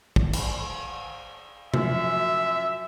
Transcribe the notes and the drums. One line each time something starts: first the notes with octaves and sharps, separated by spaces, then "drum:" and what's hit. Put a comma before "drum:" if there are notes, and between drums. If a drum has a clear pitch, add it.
drum: kick
drum: cymbal
F#2 F3 E5, drum: tom C3